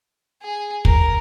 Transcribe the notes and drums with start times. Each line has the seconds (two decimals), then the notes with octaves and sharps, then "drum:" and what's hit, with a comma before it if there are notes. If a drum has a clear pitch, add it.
0.42 G#4
0.85 A#4, drum: kick